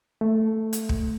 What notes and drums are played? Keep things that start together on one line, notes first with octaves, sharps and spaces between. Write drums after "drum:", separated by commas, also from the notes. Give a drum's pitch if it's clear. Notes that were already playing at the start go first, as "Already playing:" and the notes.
A3
drum: hi-hat
drum: kick